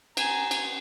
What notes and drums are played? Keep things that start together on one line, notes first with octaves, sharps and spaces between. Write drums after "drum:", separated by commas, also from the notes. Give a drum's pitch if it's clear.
G#5 A#5, drum: cymbal
drum: cymbal